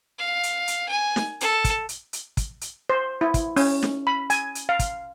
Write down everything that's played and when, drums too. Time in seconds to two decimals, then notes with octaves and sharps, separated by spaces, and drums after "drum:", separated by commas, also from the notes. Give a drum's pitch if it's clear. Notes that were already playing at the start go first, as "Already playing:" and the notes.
0.18 F5
0.43 drum: hi-hat
0.68 drum: hi-hat
0.89 G#5
1.16 drum: snare
1.41 A4, drum: hi-hat
1.64 drum: kick, hi-hat
1.89 drum: hi-hat
2.13 drum: hi-hat
2.37 drum: kick, hi-hat
2.61 drum: hi-hat
2.90 C5
3.21 E4
3.34 drum: kick, hi-hat
3.56 C#4, drum: open hi-hat
3.83 drum: snare
4.07 B5
4.30 G#5, drum: hi-hat
4.55 drum: hi-hat
4.69 F5
4.79 drum: kick, hi-hat